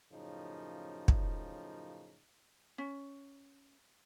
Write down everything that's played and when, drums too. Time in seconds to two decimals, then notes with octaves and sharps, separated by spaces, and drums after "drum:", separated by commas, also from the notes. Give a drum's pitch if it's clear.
0.12 F#2 A2 C#3 F3 D#4
1.08 drum: kick
2.78 C#4